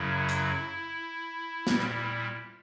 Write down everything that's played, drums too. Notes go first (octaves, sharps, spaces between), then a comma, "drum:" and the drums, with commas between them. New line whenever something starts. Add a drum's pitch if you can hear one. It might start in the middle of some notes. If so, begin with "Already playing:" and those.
Already playing: F#2 C#3 F#3 E4
drum: hi-hat
A#2 G3, drum: snare
drum: rim click